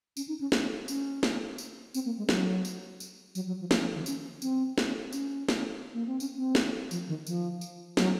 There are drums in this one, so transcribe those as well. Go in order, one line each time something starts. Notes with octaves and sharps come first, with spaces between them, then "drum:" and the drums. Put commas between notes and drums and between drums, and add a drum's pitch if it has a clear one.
C#4, drum: tambourine
D#4
C#4
drum: snare
C#4, drum: tambourine
drum: snare
drum: tambourine
C4, drum: tambourine
A#3
G#3
F#3, drum: snare
drum: tambourine
drum: tambourine
F#3, drum: tambourine
F#3
F3
F3, drum: snare
F3
D#3
C#4, drum: tambourine
C4, drum: tambourine
drum: snare
C#4, drum: tambourine
drum: snare
A#3
C4
C#4, drum: tambourine
C4
drum: snare
F3, drum: tambourine
D#3
F3, drum: tambourine
drum: tambourine
F#3, drum: snare